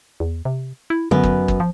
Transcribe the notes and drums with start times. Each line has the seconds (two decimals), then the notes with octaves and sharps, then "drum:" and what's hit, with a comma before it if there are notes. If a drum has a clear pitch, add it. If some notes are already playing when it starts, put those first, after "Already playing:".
0.20 E2
0.45 C3
0.90 E4
1.11 F#2 D3 B3
1.23 drum: kick
1.48 drum: kick
1.60 F3